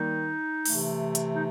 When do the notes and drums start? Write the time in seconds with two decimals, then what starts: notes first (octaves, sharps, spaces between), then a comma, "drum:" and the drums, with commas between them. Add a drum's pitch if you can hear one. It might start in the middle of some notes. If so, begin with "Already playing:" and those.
Already playing: D#3 G3 A#3 D#4
0.66 C3 E3 A3, drum: open hi-hat
1.15 drum: hi-hat
1.34 D#4